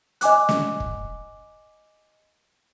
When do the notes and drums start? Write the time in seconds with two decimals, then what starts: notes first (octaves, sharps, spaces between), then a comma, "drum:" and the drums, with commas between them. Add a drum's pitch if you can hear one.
0.21 D#5 G#5 D6 F#6, drum: hi-hat
0.49 drum: snare
0.80 drum: kick